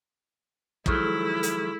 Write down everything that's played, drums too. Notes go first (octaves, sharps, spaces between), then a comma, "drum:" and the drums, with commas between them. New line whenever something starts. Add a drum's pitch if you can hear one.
D#3 F3 F#3 G#3 E4 G#4 A4, drum: kick
drum: hi-hat